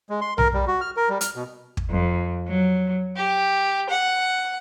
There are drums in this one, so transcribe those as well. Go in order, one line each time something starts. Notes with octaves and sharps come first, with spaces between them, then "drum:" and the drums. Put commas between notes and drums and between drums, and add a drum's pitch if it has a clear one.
G#3
C6
A#4, drum: tom B1
G3
F#4
F6
A#4
G3
F6, drum: hi-hat
B2
drum: kick
F2
F#3
G4
F#5